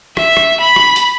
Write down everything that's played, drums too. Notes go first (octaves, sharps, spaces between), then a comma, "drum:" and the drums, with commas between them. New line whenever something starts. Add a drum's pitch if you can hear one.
E5, drum: rim click
drum: rim click
B5
drum: rim click
drum: hi-hat